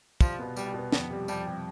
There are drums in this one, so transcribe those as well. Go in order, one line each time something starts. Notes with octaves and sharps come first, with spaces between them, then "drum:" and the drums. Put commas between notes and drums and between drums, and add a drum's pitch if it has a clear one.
C2 F3, drum: kick, tambourine
B2 B3
C2 G3, drum: tambourine
B2 B3
F2 B3, drum: snare
C3 G3
F2 G3, drum: tambourine
C3 G3